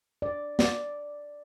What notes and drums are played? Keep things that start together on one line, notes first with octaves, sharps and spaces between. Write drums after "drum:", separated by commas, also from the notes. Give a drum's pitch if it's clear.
D5
D5, drum: snare